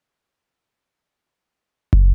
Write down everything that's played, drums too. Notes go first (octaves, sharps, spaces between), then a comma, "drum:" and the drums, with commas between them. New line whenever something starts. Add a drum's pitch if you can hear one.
A4 A#4 C5 C#5
drum: kick